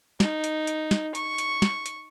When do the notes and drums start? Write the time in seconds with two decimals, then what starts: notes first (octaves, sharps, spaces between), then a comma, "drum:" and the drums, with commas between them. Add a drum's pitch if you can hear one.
0.20 D#4, drum: snare
0.44 drum: hi-hat
0.67 drum: hi-hat
0.91 drum: snare
1.15 C#6, drum: hi-hat
1.38 drum: hi-hat
1.62 drum: snare
1.86 drum: hi-hat